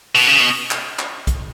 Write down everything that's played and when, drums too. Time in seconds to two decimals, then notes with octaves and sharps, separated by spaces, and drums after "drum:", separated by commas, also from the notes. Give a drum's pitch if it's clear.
0.15 B2, drum: open hi-hat
0.27 C#3
0.40 B2
0.71 drum: clap
0.99 drum: clap
1.27 drum: kick C2, hi-hat